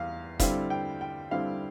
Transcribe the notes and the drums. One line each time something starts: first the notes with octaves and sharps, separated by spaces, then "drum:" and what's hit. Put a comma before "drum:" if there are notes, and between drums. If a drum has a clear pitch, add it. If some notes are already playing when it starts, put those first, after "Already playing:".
Already playing: E2 G3 F5
D3 G3 C4 E4 F5, drum: kick, hi-hat
G5
G5
D3 G3 C4 E4 F5